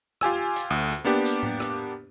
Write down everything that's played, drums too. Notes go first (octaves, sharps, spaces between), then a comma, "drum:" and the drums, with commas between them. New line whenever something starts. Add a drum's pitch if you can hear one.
F4 G4 G#5 E6, drum: rim click
drum: hi-hat
D2
drum: rim click
A#3 B3 D4 G4
drum: hi-hat
drum: tom A2
drum: rim click